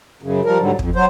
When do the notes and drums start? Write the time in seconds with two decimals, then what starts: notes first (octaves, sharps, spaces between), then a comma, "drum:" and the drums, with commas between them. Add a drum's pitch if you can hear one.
0.22 F#2 C#3
0.45 F3 G3 A#4
0.60 G#2 D3 F#3 G3
0.79 F2, drum: kick
0.96 F#3 C5